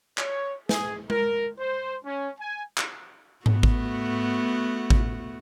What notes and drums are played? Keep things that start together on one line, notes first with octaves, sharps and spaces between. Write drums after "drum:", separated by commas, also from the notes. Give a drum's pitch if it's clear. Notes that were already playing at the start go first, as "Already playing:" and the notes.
C#5, drum: clap
G#4, drum: snare
A#4, drum: tom G#3
C5
C#4
G#5
drum: clap
A3 B3 F#4, drum: tom G#2
drum: kick G#1
drum: kick G#1